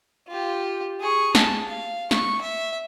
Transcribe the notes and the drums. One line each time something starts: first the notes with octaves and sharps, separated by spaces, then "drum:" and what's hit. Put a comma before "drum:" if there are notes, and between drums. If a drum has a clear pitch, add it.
F4 G4
G#4 C#6
A5, drum: snare
F5
C#6, drum: snare
E5